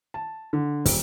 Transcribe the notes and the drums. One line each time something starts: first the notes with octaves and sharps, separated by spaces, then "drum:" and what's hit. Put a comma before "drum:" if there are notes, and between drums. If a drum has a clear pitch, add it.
A5
D3
D#1, drum: kick, open hi-hat